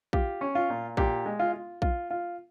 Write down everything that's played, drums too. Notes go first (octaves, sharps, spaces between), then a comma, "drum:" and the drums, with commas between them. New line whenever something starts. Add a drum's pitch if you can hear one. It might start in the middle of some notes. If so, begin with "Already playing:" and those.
F4 G4, drum: kick A#1
C#4
F4
A#2
A#2 G4, drum: kick A#1
G#3
F4
F4
F4, drum: kick A#1
F4